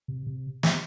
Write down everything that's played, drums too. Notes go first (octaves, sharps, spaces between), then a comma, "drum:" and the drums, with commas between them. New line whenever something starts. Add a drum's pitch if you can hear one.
C3
C3
drum: snare